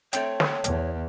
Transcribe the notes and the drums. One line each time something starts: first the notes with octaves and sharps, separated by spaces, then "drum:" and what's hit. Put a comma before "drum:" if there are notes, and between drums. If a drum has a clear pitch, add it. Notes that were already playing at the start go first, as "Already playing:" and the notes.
A3 C4 C#5 G5, drum: hi-hat
drum: snare
E2, drum: hi-hat